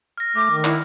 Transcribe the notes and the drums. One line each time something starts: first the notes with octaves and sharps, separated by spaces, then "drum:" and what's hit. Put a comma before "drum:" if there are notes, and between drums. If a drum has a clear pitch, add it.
F6 A#6
A3 D6
D#3
E4, drum: clap